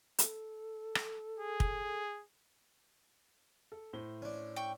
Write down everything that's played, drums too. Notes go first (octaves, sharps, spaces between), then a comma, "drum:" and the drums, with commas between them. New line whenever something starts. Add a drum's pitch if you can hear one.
A4, drum: hi-hat
drum: rim click
G#4
drum: kick
A4
A2 C5 G7
C#4 D4
G5 C#6